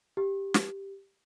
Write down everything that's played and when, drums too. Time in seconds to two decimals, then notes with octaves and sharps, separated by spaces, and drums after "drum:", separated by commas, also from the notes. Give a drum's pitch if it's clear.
0.17 G4
0.54 drum: snare